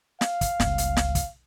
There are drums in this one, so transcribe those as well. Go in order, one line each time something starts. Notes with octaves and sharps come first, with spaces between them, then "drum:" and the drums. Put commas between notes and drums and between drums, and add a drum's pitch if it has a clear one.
F5, drum: snare
drum: kick, hi-hat
G1 C#2, drum: snare
drum: hi-hat
drum: snare
drum: kick, hi-hat